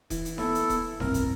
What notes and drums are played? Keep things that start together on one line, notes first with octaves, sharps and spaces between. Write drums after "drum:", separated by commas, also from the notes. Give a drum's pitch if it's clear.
E3, drum: kick D#1, hi-hat
drum: hi-hat
B3 E4 A4, drum: snare D#4
drum: hi-hat
drum: kick D#1, hi-hat
F1 B1 G2 C4 A#4, drum: snare D#4
drum: hi-hat